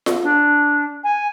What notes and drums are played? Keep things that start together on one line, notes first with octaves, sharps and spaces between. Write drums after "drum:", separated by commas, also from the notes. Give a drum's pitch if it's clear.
drum: snare F4
D4
G#5